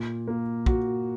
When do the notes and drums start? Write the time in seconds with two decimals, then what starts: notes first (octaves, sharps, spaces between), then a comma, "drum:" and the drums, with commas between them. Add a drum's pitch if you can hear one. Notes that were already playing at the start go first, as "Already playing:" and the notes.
Already playing: A#2
0.28 A#3
0.66 F#4, drum: kick